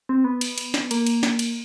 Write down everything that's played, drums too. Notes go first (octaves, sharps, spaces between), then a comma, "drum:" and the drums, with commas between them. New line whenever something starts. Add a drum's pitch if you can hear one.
C4
B3
drum: cymbal
drum: cymbal
drum: snare
A#3, drum: cymbal
drum: cymbal
drum: snare
drum: cymbal